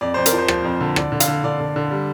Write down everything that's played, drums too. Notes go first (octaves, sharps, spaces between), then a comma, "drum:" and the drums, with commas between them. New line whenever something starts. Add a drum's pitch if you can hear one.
F2 D5
F2 C5
A#4, drum: hi-hat
F3
C5
F3, drum: rim click
F2
D3
D3 D5, drum: rim click
D3
F5, drum: hi-hat
D3
D3 D5
D3
D3
G3